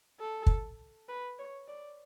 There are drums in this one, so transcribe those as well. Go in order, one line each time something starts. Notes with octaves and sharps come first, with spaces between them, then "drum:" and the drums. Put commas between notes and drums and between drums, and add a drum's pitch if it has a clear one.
A4
drum: kick
B4
C#5
D5